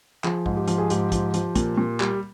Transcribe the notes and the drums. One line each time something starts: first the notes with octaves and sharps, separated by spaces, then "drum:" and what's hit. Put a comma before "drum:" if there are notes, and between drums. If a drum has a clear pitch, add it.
F3 G#4, drum: clap
G#2, drum: kick
G4
F3, drum: hi-hat
G#4
G#2 G4, drum: hi-hat
F3, drum: kick, hi-hat
F3, drum: hi-hat
A#2, drum: kick, hi-hat
A#2
G3, drum: clap